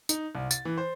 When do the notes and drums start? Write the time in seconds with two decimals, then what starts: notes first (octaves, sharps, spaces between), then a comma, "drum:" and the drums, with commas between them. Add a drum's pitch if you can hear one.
0.09 D#4, drum: tambourine
0.35 C2
0.51 A6, drum: tambourine
0.65 E3
0.78 C5